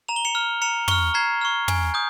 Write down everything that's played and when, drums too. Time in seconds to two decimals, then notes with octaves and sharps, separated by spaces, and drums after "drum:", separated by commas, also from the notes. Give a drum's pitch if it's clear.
0.09 A#5 F7
0.16 G7
0.25 C#7 F7
0.35 F6
0.62 A#5 C#7 F7
0.88 C#6 F6, drum: tom
1.14 A#5 G#6 C7
1.41 C#6 F6
1.68 G#5, drum: tom
1.94 D#6 G6